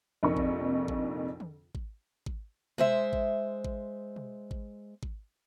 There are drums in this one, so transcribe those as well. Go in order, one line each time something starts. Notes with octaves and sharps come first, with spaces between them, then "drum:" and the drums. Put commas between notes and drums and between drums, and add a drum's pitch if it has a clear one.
A#1 F2 C3 D#4 A#4 C#6
drum: kick G#1
drum: kick G#1
drum: tom
drum: kick G#1
drum: kick G#1
G#3 C5 E5, drum: tom B2
drum: kick G#1
drum: kick G#1
drum: tom B2
drum: kick G#1
drum: kick G#1